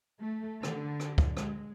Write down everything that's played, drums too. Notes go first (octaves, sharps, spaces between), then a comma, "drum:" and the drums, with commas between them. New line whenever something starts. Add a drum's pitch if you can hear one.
A3
D3, drum: rim click
drum: rim click
drum: kick C#2
G#3, drum: rim click